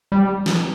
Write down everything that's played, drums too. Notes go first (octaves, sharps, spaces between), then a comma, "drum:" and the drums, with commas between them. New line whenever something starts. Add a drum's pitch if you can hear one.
G3
drum: snare